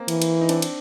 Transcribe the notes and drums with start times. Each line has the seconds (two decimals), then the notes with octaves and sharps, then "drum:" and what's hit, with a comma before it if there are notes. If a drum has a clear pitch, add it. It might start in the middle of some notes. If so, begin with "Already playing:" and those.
Already playing: A#3 C4
0.08 E3, drum: cymbal
0.22 drum: cymbal
0.41 D#4
0.49 C4 D4, drum: cymbal
0.62 drum: cymbal